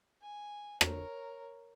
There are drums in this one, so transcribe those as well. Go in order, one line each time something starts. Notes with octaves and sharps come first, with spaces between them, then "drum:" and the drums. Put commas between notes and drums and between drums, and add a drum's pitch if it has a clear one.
G#5
A#4 C#5, drum: rim click